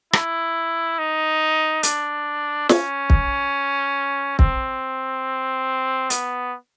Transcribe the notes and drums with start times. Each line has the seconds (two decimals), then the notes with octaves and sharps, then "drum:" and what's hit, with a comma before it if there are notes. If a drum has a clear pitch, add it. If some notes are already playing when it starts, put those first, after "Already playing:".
0.13 E4, drum: rim click
0.99 D#4
1.83 D4, drum: hi-hat
2.69 C#4, drum: snare
3.10 drum: kick
4.39 C4, drum: kick
6.10 B3, drum: hi-hat